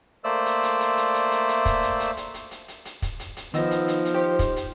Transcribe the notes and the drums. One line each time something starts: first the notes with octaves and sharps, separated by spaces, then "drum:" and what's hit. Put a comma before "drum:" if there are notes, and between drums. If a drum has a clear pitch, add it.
A3 A#3 C5 D5 E6
drum: hi-hat
drum: hi-hat
drum: hi-hat
drum: hi-hat
drum: hi-hat
drum: hi-hat
drum: hi-hat
drum: kick, hi-hat
drum: hi-hat
drum: hi-hat
drum: hi-hat
drum: hi-hat
drum: hi-hat
drum: hi-hat
drum: hi-hat
drum: kick, hi-hat
drum: hi-hat
drum: hi-hat
D#3 F3 B3 D#4 D#5 E6 A#6, drum: hi-hat
drum: hi-hat
drum: hi-hat
drum: hi-hat
G4 C5
drum: kick, hi-hat
drum: hi-hat